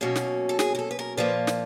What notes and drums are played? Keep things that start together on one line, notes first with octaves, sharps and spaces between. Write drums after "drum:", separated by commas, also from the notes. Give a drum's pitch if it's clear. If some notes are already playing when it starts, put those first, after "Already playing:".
B2 F#3 A#3 C#4
drum: snare
A4
G#4, drum: snare
A#4
A4
B4
A#4
A#2 F3 A#3 B4
drum: snare